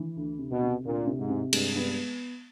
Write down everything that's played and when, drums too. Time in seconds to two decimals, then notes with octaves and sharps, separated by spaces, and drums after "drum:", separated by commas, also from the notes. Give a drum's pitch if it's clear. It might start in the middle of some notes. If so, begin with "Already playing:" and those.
Already playing: E3
0.16 D2
0.39 C3
0.51 B2
0.62 C3
0.85 D2 A#2
1.07 C3
1.18 G#2
1.30 C3
1.53 G2 G#3, drum: cymbal
1.76 B3